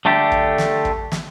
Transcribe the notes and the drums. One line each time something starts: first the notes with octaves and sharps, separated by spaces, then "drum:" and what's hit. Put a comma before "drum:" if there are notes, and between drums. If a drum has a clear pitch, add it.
D3 A3 D4 G4
drum: kick
drum: snare
drum: kick
drum: snare